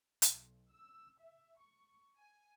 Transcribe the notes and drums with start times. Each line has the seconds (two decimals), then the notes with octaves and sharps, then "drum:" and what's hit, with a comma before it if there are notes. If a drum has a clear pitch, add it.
0.22 B1, drum: hi-hat
0.70 E6
1.17 E5
1.59 C#6
2.17 G#5